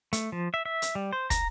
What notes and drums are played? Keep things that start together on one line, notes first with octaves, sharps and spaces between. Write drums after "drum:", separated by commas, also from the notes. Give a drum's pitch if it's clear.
A3, drum: hi-hat
F3
E5
E5
drum: hi-hat
G3
C5
A#5, drum: kick, hi-hat